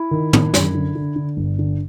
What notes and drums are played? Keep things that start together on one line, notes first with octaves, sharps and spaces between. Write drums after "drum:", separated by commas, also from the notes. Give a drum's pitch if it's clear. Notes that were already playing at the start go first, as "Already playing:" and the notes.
Already playing: E4
D#3
D#3, drum: tom
F#2, drum: snare
D3
D3
D3
G1
D3